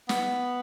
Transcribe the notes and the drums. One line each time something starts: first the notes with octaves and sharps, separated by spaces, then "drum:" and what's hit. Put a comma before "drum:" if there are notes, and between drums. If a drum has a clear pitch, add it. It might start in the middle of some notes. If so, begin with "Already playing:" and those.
B3, drum: snare